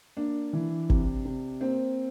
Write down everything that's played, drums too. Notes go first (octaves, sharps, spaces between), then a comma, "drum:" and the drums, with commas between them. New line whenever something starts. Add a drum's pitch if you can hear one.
A#3 D4
E3
C3, drum: kick G1
C3
A#3 C4